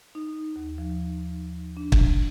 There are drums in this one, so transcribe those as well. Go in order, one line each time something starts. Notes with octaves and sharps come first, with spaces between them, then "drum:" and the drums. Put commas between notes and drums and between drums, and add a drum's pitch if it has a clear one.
D#4
D#2
F3
D4
drum: kick